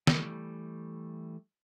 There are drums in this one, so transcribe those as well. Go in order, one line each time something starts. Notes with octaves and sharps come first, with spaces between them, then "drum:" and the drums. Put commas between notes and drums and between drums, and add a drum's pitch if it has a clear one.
E3 G3 A3, drum: snare